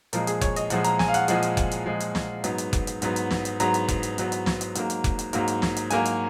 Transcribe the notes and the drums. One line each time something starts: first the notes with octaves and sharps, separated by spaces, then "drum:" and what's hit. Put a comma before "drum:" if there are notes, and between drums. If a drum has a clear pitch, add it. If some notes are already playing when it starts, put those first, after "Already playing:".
A#2 F3 G#3 A#4, drum: hi-hat
G#4, drum: hi-hat
C#5, drum: kick F1, hi-hat
D#5, drum: hi-hat
A#2 F3 G#3 F#5, drum: hi-hat
A#5, drum: hi-hat
G#5, drum: snare
F5
F#5, drum: hi-hat
A#2 F3 G#3 F#5, drum: hi-hat
drum: hi-hat
drum: kick F1, hi-hat
drum: hi-hat
A#2 F3 G#3
drum: hi-hat
drum: snare
G#2 F#3 B3, drum: hi-hat
drum: hi-hat
drum: kick F1, hi-hat
drum: hi-hat
G#2 F#3 B3, drum: hi-hat
drum: hi-hat
drum: snare
drum: hi-hat
G#2 F#3 B3 A#5, drum: hi-hat
drum: hi-hat
drum: kick F1, hi-hat
drum: hi-hat
G#2 F#3 B3, drum: hi-hat
drum: hi-hat
drum: snare
drum: hi-hat
G#2 F#3 A#3, drum: hi-hat
drum: hi-hat
drum: kick F1, hi-hat
drum: hi-hat
G#2 F#3 A#3, drum: hi-hat
drum: hi-hat
drum: snare
drum: hi-hat
G#2 F#3 A#3 G#5, drum: hi-hat
drum: hi-hat